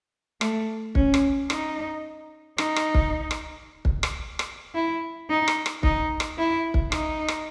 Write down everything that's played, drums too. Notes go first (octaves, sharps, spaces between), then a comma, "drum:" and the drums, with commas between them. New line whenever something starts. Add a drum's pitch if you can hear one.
A3, drum: rim click
C#4, drum: kick
drum: rim click
D#4, drum: rim click
D#4, drum: rim click
drum: rim click
drum: kick
drum: rim click
drum: kick
drum: rim click
drum: rim click
E4
D#4
drum: rim click
drum: rim click
D#4, drum: kick
drum: rim click
E4
drum: kick
D#4, drum: rim click
drum: rim click